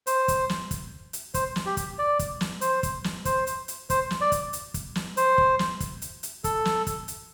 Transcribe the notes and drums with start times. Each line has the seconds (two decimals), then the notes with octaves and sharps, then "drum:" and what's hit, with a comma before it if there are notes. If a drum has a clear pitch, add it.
0.07 C5, drum: hi-hat
0.28 drum: kick, hi-hat
0.49 drum: snare
0.71 drum: kick, hi-hat
1.13 drum: hi-hat
1.34 C5, drum: kick, hi-hat
1.56 drum: snare
1.66 G4
1.77 drum: kick, hi-hat
1.99 D5
2.19 drum: kick, hi-hat
2.41 drum: snare
2.61 C5, drum: hi-hat
2.83 drum: kick, hi-hat
3.04 drum: snare
3.25 C5, drum: kick, hi-hat
3.47 drum: hi-hat
3.68 drum: hi-hat
3.90 C5, drum: kick, hi-hat
4.11 drum: snare
4.21 D5
4.32 drum: kick, hi-hat
4.53 drum: hi-hat
4.74 drum: kick, hi-hat
4.95 drum: snare
5.17 C5, drum: hi-hat
5.38 drum: kick
5.59 drum: snare
5.80 drum: kick, hi-hat
6.02 drum: hi-hat
6.23 drum: hi-hat
6.44 A4, drum: kick, hi-hat
6.65 drum: snare
6.87 drum: kick, hi-hat
7.08 drum: hi-hat